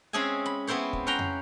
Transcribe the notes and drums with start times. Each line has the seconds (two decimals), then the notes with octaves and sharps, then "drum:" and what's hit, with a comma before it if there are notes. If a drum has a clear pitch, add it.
0.13 G#3 C4 C#4 G#4 E5 G#5
0.46 B5
0.67 B3 C4 E4 C5 C#5
0.93 drum: kick
1.07 C#4 F#5 G5 A#5 C6
1.19 drum: tom